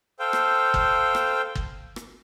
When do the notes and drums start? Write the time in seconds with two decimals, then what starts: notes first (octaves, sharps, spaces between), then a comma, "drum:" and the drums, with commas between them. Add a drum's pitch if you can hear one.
0.19 A4 C5 F5 G5
0.33 drum: rim click
0.74 drum: kick G1
1.15 drum: rim click
1.55 drum: kick G1
1.96 drum: rim click